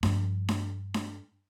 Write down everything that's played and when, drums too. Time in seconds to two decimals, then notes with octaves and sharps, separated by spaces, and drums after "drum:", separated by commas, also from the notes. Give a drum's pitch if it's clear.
0.03 G2 F3, drum: snare D4
0.49 drum: snare D4
0.94 drum: snare D4